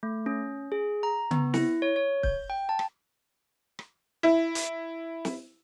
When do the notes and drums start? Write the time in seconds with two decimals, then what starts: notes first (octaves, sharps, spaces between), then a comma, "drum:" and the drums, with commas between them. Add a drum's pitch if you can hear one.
0.03 A3
0.26 C#4
0.72 G#4
1.03 A#5
1.31 B3, drum: tom C#3
1.54 E4, drum: snare
1.82 C#5
1.96 C#5
2.23 G6, drum: kick C#1
2.50 G5
2.69 A5
2.79 drum: rim click
3.79 drum: rim click
4.23 E4
4.55 drum: hi-hat
5.25 drum: snare